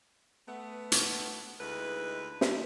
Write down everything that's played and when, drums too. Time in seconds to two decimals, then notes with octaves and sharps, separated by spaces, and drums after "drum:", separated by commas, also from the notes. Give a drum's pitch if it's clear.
0.48 A3 B3
0.92 drum: hi-hat
1.60 D2 G#3 D#4 E4 B4
2.41 drum: snare